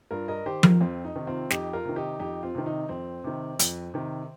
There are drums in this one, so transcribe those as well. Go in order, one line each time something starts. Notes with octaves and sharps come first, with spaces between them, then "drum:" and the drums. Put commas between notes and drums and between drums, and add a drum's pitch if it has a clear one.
G2 F4 A#4
A#4 D#5
D#3 G4 C5
F4 A#4, drum: tom F3
F2 C4 F4
D#4
C3 D#3
C4 F4
F2 D#4 G4, drum: snare
F4 A#4
C3 D#3
D#4 G4
F2 D#4 G4
C4 F4
C3 D#3
D#4
F2 C4
C3 D#3
F2, drum: hi-hat
C3 D#3